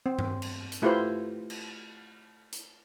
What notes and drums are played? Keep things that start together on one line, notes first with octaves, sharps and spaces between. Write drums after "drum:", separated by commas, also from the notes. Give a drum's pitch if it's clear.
C4
drum: tom G2
drum: cymbal
drum: hi-hat
A3 E4 F4 G4 B4 C5
drum: cymbal
drum: hi-hat